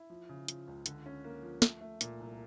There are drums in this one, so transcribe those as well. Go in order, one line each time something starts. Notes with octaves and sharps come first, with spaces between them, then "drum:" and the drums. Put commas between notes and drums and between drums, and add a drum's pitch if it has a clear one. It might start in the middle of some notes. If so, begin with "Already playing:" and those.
Already playing: E4
F3
C#3
F3, drum: hi-hat
C#2
D3, drum: hi-hat
C#4
A#3
F3
A3, drum: snare
A3
A#2, drum: hi-hat
C2